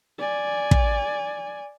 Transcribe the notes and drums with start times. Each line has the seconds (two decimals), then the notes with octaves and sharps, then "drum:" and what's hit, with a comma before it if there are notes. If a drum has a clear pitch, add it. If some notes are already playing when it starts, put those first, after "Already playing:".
0.19 D5 G#5
0.71 drum: kick